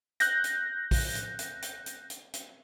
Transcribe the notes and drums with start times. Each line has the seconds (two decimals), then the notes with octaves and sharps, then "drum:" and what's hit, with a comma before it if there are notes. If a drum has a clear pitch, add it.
0.20 F#6 G6 A#6, drum: hi-hat
0.44 drum: hi-hat
0.91 drum: kick A#1, open hi-hat
1.15 drum: hi-hat
1.39 drum: hi-hat
1.62 drum: hi-hat
1.86 drum: hi-hat
2.10 drum: hi-hat
2.34 drum: hi-hat